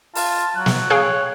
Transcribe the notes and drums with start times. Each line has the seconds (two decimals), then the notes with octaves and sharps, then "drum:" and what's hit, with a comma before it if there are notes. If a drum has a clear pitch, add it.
0.15 F4 A5, drum: open hi-hat
0.56 F#3 F#6
0.66 drum: snare
0.90 G#4 C#5 F5 G5